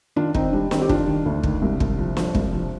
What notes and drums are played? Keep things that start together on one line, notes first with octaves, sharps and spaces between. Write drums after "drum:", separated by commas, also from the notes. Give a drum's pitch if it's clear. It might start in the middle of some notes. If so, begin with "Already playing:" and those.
D#3 D4 F4
D#3 C4 D#4, drum: kick
G3 D4
D#3 C4 D#4, drum: snare
G4
D#3 D4 F4, drum: kick
D#3
D2
D#3, drum: kick
C2
C2, drum: kick
F3
F3, drum: snare
C2, drum: kick
F3